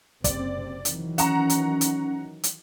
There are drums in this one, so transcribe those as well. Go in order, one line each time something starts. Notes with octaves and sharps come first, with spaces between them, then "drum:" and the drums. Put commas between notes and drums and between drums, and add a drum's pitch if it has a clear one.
F#1 C3 C4 D5, drum: kick, hi-hat
D#3 E3 F#3, drum: hi-hat
C#4 F#5 A#5, drum: hi-hat
drum: hi-hat
drum: hi-hat
drum: hi-hat